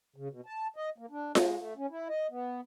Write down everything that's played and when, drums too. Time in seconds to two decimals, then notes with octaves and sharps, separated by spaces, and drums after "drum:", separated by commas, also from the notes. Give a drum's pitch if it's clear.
0.16 C#3
0.30 B2
0.46 A5
0.76 D#5
0.98 A#3
1.11 D4
1.35 G#3, drum: snare F4
1.58 A3
1.77 C#4
1.90 E4
2.09 D#5
2.30 B3